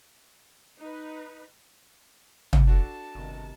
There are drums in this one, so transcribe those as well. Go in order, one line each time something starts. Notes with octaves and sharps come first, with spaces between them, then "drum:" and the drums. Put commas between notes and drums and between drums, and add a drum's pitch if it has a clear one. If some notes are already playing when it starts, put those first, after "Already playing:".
D#4 B4
drum: tom
D4 F#4 A4 A5
G1 C3 D#3